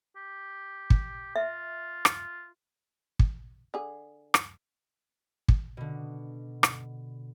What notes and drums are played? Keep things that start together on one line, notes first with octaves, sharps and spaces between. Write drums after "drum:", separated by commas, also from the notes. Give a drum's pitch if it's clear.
G4
drum: kick
F4 E5
drum: rim click
drum: kick
D3 G#4
drum: rim click
drum: kick
B2 D3
drum: rim click